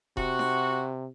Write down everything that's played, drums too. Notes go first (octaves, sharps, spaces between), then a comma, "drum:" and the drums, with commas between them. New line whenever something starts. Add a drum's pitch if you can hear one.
C3 F#4, drum: kick E1
drum: snare D#4